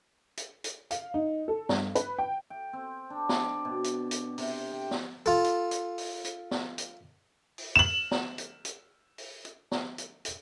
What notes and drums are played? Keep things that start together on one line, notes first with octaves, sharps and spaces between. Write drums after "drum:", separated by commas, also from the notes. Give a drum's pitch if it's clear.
drum: hi-hat
drum: hi-hat
F5, drum: hi-hat
D#4
A4
G2, drum: snare
B4, drum: hi-hat
G5
G5
C4
D4
D5, drum: snare
B2
drum: hi-hat
drum: hi-hat
C3, drum: open hi-hat
G5
drum: snare
F4 A4
drum: hi-hat
drum: hi-hat
drum: open hi-hat
drum: hi-hat
drum: snare
drum: hi-hat
drum: open hi-hat
E7 F#7
drum: snare
drum: hi-hat
drum: hi-hat
drum: open hi-hat
drum: hi-hat
drum: snare
drum: hi-hat
drum: hi-hat